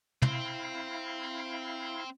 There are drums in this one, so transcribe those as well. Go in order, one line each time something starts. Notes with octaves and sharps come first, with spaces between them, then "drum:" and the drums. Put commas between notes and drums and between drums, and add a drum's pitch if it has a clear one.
C4 E4 F5, drum: tom